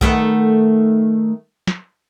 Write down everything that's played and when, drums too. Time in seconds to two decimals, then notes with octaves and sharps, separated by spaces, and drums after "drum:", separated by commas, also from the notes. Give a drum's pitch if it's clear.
0.01 D#3 A3 B3, drum: kick B1
1.67 drum: snare